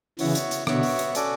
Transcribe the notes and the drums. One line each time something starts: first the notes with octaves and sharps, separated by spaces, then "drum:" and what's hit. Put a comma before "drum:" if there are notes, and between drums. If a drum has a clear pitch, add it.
C#3 E3 B3 F#4 C#5 E5, drum: open hi-hat
drum: hi-hat
drum: hi-hat
B2 D3 B3 F#4 C#5 E5, drum: rim click
drum: open hi-hat
drum: hi-hat
C#4 F#4 A4 D5, drum: hi-hat